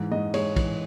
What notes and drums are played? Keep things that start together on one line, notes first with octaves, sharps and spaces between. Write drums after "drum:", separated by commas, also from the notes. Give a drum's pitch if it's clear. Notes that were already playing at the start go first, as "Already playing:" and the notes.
Already playing: G#2 E3
G#2 D#5
G#3 C#5, drum: cymbal
E3, drum: kick, cymbal